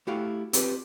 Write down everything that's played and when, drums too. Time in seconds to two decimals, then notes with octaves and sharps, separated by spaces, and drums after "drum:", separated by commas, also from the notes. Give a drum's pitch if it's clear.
0.07 A3 E4 F#4 G4 F5
0.53 C4 F4 G4 B4 D#5, drum: hi-hat